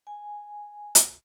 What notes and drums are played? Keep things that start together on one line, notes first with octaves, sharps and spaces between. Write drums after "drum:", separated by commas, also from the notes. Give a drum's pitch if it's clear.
G#5
drum: hi-hat